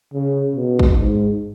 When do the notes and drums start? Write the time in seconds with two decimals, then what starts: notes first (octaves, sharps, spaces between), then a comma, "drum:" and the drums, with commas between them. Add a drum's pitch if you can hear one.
0.14 C#3
0.56 B2
0.79 drum: kick
0.97 G#2